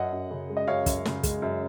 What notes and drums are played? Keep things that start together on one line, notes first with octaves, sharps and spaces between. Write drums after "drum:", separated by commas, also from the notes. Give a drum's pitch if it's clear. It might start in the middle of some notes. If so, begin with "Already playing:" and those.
Already playing: F#2 D#5 F#5
F#2
C#3
G#3
D#5
F#2 C#5 F5
F#2, drum: kick, hi-hat
C#3, drum: snare
G#3, drum: kick, hi-hat
F#2